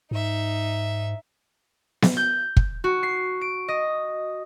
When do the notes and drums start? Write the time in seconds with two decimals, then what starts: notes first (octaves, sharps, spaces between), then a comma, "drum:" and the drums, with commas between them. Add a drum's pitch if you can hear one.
0.11 G#2 D#4 E5
2.02 drum: snare B3
2.17 G6
2.57 drum: kick
2.84 F#4
3.03 C7
3.41 D7
3.68 D#5